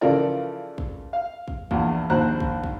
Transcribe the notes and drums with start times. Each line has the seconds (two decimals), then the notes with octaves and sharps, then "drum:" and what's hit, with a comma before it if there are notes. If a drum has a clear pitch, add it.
0.01 C#3 E3 F3 A4 A#4 D5
0.78 drum: kick
1.13 F5
1.48 drum: kick
1.71 A#1 E2, drum: kick
2.10 A#1 D#2 C5 A#5 F#6
2.40 drum: kick
2.64 drum: kick